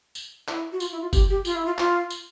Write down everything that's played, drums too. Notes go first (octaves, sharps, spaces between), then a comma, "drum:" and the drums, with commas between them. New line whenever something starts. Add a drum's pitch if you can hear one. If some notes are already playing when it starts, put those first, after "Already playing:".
drum: tambourine
E4, drum: clap
F#4
F4, drum: tambourine
E4
F4
G4, drum: kick F#1, tambourine
G4
F4, drum: tambourine
E4
F4
F4, drum: clap
drum: tambourine